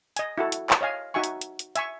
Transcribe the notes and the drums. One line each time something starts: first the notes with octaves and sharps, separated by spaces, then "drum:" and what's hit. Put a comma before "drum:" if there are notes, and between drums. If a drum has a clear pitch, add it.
D#5 G#5, drum: hi-hat
E4 F#4 A4
drum: hi-hat
drum: clap
C#5 D#5 F5 G#5
D#4 F#4 E5 G#5 C#6
drum: hi-hat
drum: hi-hat
drum: hi-hat
E5 G#5 C#6, drum: hi-hat